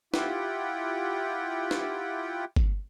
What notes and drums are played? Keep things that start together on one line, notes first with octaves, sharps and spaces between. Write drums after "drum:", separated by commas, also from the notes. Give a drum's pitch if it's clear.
E4 F4 G4 F#5 G5, drum: snare
drum: snare
drum: kick G1